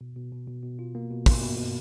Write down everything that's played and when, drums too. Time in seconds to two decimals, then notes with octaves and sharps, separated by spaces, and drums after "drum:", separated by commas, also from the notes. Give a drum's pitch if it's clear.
0.01 B2
0.16 B2
0.32 B2
0.47 B2
0.63 B2
0.79 F4
0.95 A#3
1.11 B2
1.26 A#3, drum: kick, open hi-hat
1.41 B2
1.57 B2